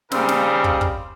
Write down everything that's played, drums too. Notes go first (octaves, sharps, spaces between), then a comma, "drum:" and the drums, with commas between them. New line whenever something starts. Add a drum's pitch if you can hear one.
A#2 C#3 G3 C4 D#4 A#4, drum: snare
drum: snare
drum: kick
drum: kick